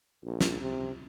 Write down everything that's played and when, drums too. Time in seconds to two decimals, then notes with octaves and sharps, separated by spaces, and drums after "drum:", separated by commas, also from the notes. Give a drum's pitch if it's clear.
0.24 A#1
0.41 drum: snare
0.61 C3